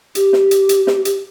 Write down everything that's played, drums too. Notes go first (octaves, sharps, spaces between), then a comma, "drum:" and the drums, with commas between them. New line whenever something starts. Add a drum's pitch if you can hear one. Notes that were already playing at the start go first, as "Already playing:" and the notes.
G4, drum: hi-hat
drum: snare
drum: hi-hat
drum: hi-hat
drum: snare
drum: hi-hat